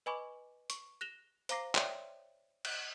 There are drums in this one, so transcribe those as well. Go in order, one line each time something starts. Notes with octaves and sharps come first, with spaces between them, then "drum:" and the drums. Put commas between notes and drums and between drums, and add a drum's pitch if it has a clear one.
B4 D#5 G#5 B5 C#6 D6
C#6, drum: hi-hat
F#6 A#6 E7 F7 G7
C5 F5 A#5 D6 A#6 C7, drum: hi-hat
C#5 D5 E5 G5 C6, drum: clap
drum: cymbal